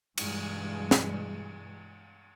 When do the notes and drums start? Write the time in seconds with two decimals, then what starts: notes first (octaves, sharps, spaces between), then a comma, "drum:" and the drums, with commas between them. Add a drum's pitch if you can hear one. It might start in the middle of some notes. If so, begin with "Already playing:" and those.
0.18 G2 B2 E3 G3 G#3, drum: cymbal
0.91 drum: snare